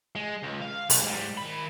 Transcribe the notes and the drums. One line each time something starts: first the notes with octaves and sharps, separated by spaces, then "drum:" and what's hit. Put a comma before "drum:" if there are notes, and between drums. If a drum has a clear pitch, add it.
G#3
C#2
F5
B1, drum: open hi-hat
G#2 G3
D#3 B5